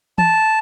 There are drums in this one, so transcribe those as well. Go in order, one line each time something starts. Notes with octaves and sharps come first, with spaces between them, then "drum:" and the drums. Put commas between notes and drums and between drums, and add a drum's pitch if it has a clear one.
A5, drum: tom E3